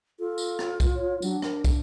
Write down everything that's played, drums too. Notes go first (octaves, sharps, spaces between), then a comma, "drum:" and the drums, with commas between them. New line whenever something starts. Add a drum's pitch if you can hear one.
F4 A4
drum: tambourine
drum: rim click
drum: kick, tambourine
C#5
F#3 D4, drum: tambourine
A#4, drum: rim click
drum: kick, tambourine